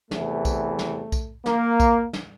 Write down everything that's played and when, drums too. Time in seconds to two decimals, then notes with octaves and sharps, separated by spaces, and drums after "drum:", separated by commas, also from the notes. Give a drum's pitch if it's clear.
0.11 E2 C3 E3 A3, drum: snare
0.45 drum: kick B1, tambourine
0.79 drum: snare
1.12 drum: kick B1, tambourine
1.46 A#3, drum: snare
1.80 drum: kick B1, tambourine
2.13 drum: snare